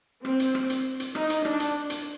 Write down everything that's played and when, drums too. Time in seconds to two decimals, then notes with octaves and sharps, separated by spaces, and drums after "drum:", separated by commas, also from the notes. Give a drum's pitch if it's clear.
0.25 C4, drum: rim click
0.40 drum: hi-hat
0.55 drum: rim click
0.70 drum: hi-hat
1.00 drum: hi-hat
1.15 D#4, drum: rim click
1.30 drum: hi-hat
1.45 D4, drum: rim click
1.60 drum: hi-hat
1.90 drum: hi-hat